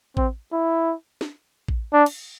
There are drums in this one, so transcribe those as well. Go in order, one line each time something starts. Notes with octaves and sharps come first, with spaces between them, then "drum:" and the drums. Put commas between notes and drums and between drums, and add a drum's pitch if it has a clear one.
C4, drum: kick A1
E4
drum: snare
drum: kick A1
D4
drum: cymbal